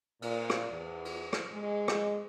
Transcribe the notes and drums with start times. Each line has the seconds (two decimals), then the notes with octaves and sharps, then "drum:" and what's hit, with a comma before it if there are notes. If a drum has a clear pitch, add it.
0.22 A#2, drum: cymbal
0.50 drum: rim click
0.71 E2
1.05 drum: cymbal
1.33 drum: rim click
1.52 G#3
1.88 drum: rim click